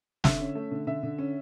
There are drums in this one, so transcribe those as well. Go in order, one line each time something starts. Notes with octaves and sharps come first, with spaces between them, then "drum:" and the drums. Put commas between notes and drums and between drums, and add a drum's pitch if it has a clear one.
D3 E5, drum: snare
C#4
A3
D3
D3 E5
D3
C#4